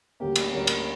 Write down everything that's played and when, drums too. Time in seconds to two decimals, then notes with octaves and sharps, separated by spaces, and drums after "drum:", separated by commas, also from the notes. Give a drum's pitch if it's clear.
0.20 D2 D3 G3 A#3 C#4 G4
0.36 drum: cymbal
0.51 D2 D3 G3 A#3 C#4 A#4
0.67 drum: cymbal